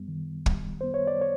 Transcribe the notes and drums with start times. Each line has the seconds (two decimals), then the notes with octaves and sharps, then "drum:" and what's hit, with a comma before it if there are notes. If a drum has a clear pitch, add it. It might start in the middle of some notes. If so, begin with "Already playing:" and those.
Already playing: F#2 G3 B3
0.08 D#3
0.46 G3, drum: kick
0.81 B3 C5
0.94 C#5
1.07 D5
1.22 C#5